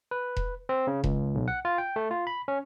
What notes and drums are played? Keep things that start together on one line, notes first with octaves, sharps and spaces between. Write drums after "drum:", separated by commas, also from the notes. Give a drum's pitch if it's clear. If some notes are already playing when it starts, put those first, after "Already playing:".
B4
drum: kick E1
C4
C#3
C#2, drum: kick E1
B1
F#5
F4
G5
A3
F4
B5
C#4